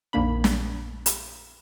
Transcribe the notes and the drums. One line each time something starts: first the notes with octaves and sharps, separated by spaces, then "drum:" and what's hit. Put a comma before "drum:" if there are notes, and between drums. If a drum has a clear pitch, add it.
A#1 F2 D#3 A#3 D4 B5
drum: snare
drum: hi-hat